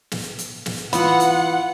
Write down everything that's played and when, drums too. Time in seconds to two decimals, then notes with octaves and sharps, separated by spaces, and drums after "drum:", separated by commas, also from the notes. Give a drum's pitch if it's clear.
0.11 drum: snare
0.39 drum: hi-hat
0.66 drum: snare
0.93 E3 B3 F4 F#5, drum: hi-hat
1.20 drum: hi-hat